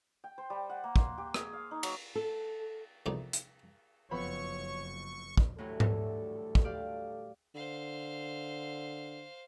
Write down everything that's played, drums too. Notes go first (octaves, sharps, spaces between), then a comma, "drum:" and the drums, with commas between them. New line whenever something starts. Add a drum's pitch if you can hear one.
G5
C5
G3
F#5
A#3
C6, drum: kick
G4
G#4, drum: rim click
F5
D#4
F#3, drum: cymbal
A4
A#1 E2 C3 A3 D#4 D5
drum: hi-hat
F#1 F2 B3 C#5 B5 C#6
drum: kick
D2 A2 E3 F#3 G3 A4
drum: tom G#2
drum: kick
G4 D5 F5
D3 C5 F5